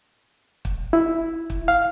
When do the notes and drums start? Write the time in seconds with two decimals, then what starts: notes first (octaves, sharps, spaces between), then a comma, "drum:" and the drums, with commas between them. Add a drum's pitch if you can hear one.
0.65 drum: kick
0.93 E4
1.50 drum: kick
1.68 F5